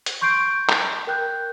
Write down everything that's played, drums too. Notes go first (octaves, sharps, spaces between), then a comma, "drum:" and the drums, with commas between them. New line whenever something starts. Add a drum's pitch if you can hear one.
drum: hi-hat
C6 C#6 G6 C7 D7
drum: clap
A#4 G5 F#6 G6